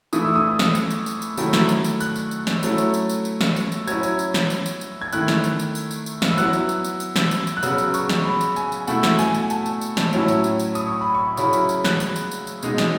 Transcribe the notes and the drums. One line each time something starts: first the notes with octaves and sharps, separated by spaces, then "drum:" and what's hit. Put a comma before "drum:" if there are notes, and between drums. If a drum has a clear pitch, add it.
E3 A3 E4 D#6, drum: tambourine
E6
D#6
drum: snare
drum: tambourine
drum: tambourine
drum: tambourine
drum: tambourine
D#3 F#3 A3 E4, drum: tambourine
drum: snare
drum: tambourine
drum: tambourine
F#6, drum: tambourine
drum: tambourine
drum: tambourine
drum: snare
F#3 A3 C#4 E4, drum: tambourine
drum: tambourine
drum: tambourine
drum: tambourine
drum: tambourine
drum: snare
drum: tambourine
drum: tambourine
F#3 C#4 E4 G#6, drum: tambourine
drum: tambourine
drum: tambourine
drum: snare
drum: tambourine
drum: tambourine
drum: tambourine
G#6
D#3 A3 E4 F#6, drum: tambourine
drum: snare
drum: tambourine
drum: tambourine
drum: tambourine
drum: tambourine
drum: tambourine
drum: snare
E6
F#3 B3 E4 F#6, drum: tambourine
drum: tambourine
drum: tambourine
drum: tambourine
drum: tambourine
drum: snare
drum: tambourine
drum: tambourine
F#6
C#3 F#3 B3 E6, drum: tambourine
drum: tambourine
C#6, drum: tambourine
drum: snare
B5
drum: tambourine
G#5, drum: tambourine
drum: tambourine
B2 A3 E4 F#5, drum: tambourine
drum: snare
G#5, drum: tambourine
drum: tambourine
A5, drum: tambourine
drum: tambourine
drum: tambourine
drum: snare
A2 F#3 C#4 E4, drum: tambourine
drum: tambourine
drum: tambourine
drum: tambourine
D#6, drum: tambourine
C#6
B5
C#6
C#3 F#3 C#4 E4 B5, drum: tambourine
B5, drum: tambourine
drum: tambourine
F#6, drum: snare
drum: tambourine
drum: tambourine
drum: tambourine
drum: tambourine
B2 G#3 D#4, drum: tambourine
drum: snare